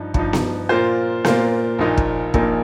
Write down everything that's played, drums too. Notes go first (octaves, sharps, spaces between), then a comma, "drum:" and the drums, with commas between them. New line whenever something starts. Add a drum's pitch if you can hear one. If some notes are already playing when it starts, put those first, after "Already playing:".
Already playing: G2 F3 D#4
G2 F3 D#4, drum: kick
drum: snare B3
A#2 A#3 F4 C5
A#2 A#3 F4 C5, drum: snare B3
A#1 A#2 A#3 D#4
drum: kick
A#1 A#2 A#3 D#4, drum: kick